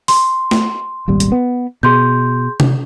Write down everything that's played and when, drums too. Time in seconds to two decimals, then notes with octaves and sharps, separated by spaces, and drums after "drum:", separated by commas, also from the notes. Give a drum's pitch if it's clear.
0.08 C6, drum: open hi-hat
0.51 drum: snare
1.08 D#1 G#1 G3
1.20 drum: hi-hat
1.32 B3
1.83 B2 G#4 C6 G6
2.60 drum: tom C3